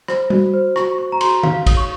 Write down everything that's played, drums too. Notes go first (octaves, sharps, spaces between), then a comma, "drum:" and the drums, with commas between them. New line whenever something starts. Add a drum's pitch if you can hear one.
C5, drum: rim click
F#4, drum: tom G3
C5
F#4 C#6, drum: rim click
C5 C#6
A#5
F#4 C6, drum: cymbal
D#4 F5, drum: tom D#3
C#5 D#6, drum: kick, cymbal
C#6